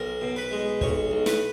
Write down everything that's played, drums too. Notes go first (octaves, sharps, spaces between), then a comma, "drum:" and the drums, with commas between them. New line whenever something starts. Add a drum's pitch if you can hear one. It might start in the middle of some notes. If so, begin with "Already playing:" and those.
Already playing: B1 A#4
B2
B4
G#3
B1 C#5, drum: kick
B1
B4, drum: snare